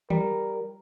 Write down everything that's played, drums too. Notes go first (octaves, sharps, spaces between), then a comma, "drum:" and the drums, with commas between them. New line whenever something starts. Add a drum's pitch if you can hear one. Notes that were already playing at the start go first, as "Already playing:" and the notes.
G3 A#4, drum: tom D#3